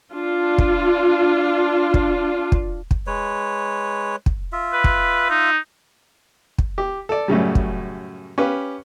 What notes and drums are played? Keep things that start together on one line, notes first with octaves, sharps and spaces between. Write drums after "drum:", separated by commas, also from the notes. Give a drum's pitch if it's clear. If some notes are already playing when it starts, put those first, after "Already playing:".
D4 F4
drum: kick
drum: kick
drum: kick
drum: kick
G#3 B4 C#5
drum: kick
F4 E5
B4
drum: kick
D#4
drum: kick
G4
A4 D5
F#2 A2 C#3 G3
drum: kick
C#4 G4 B4 F5